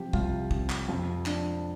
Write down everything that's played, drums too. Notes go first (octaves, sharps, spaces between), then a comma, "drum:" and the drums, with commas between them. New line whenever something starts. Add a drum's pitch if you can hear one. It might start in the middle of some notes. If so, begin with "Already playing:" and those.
Already playing: C3 F3 G4
C2 F4, drum: kick
C3, drum: kick
drum: clap
F2 F4
F3 D4, drum: clap